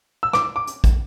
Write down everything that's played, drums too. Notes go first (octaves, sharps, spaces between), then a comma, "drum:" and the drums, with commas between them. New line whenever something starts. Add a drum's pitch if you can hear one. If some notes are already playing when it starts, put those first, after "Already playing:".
E6
D6, drum: rim click
D6
drum: hi-hat
drum: kick, hi-hat